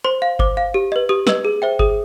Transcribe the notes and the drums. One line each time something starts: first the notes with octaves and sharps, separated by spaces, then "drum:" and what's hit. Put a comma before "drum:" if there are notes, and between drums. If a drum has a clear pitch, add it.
C5 C6
F5
C5 D6, drum: kick G1
F5
G4
B4 D#5
G4 D#6
B4 D#5 E6, drum: snare
G#4
C5 E5 G5
G#4 D#6, drum: kick G1